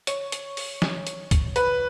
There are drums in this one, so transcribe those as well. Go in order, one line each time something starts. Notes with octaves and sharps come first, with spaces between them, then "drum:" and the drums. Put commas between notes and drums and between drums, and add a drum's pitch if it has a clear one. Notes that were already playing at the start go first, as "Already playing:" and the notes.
C#5, drum: hi-hat
drum: hi-hat
drum: open hi-hat
drum: snare
drum: hi-hat
drum: kick, hi-hat
B4, drum: hi-hat